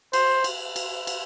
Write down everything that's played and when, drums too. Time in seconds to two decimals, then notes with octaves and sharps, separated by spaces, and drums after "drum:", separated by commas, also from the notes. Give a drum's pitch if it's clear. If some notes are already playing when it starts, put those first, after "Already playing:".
0.13 C5, drum: cymbal
0.44 drum: cymbal
0.76 drum: cymbal
1.07 drum: cymbal